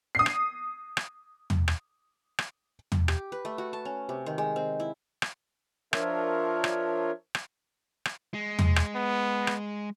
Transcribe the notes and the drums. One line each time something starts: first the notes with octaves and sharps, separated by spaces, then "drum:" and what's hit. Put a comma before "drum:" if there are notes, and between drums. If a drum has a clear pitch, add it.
D#6 C7
drum: rim click
drum: rim click
drum: tom
drum: rim click
drum: rim click
drum: tom
G4, drum: rim click
B4
A3
F#4
A5
C#4
C3
D#3
G#3
C4
E4
drum: rim click
F3 D4 F4 A#4 C#5 E5, drum: rim click
drum: rim click
drum: rim click
drum: rim click
G#3
drum: tom
drum: rim click
B3
drum: rim click